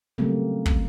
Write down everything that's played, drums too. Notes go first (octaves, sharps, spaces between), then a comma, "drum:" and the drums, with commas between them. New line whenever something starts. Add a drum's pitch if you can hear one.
C#3 F#3 G3 A3 A#3 C4
drum: kick